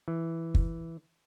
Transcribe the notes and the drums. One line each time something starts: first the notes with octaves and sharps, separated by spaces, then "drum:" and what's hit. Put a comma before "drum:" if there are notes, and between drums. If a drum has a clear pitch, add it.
E3
drum: kick